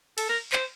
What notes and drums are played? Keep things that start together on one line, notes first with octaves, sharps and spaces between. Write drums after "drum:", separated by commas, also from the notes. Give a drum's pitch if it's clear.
A4, drum: cymbal
A#4
C5, drum: clap